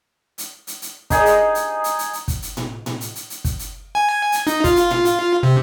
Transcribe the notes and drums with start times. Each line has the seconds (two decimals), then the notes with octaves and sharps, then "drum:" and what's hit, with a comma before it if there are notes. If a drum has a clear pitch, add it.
0.38 drum: hi-hat
0.67 drum: hi-hat
0.82 drum: hi-hat
1.10 D#4 G#4, drum: kick, hi-hat
1.26 drum: hi-hat
1.55 drum: hi-hat
1.84 drum: hi-hat
1.99 drum: hi-hat
2.13 drum: hi-hat
2.28 drum: kick, hi-hat
2.42 drum: hi-hat
2.57 drum: tom A2
2.86 drum: tom A2
3.01 drum: hi-hat
3.15 drum: hi-hat
3.30 drum: hi-hat
3.44 drum: kick, hi-hat
3.59 drum: hi-hat
3.95 G#5
4.32 drum: hi-hat
4.47 D#4, drum: hi-hat
4.64 F4, drum: kick, hi-hat
4.76 drum: hi-hat
4.90 drum: tom A2
5.05 drum: hi-hat
5.43 C3